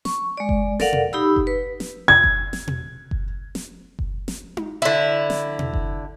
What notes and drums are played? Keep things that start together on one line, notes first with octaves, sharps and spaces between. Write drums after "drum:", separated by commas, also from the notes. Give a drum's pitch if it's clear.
C#6, drum: snare
G#3 D5
drum: kick F#1
A4 A#4 D5 F5 F#5, drum: snare
drum: tom B2
D#4 G4 B5 E6
drum: kick F#1
B4
drum: snare
G#6, drum: tom B2
drum: kick F#1
drum: snare
drum: tom B2
drum: kick F#1
drum: snare
drum: kick F#1
drum: snare
drum: tom D#4
D3 E4
drum: snare
drum: tom B2
drum: kick F#1